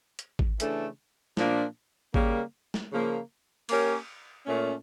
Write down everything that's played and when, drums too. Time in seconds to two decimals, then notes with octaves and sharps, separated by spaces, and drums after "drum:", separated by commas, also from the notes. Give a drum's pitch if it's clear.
0.19 drum: hi-hat
0.39 drum: kick G#1
0.60 C#3 E3 A3 D4 A4, drum: hi-hat
1.37 A#2 F3 A#3 D4, drum: snare
2.14 C#3 G3 A#3, drum: kick G#1
2.74 drum: snare
2.91 C#3 F3 A#3
3.69 A#3 C#4 G4 A#4 C#5, drum: cymbal
4.46 A#2 A3 C#4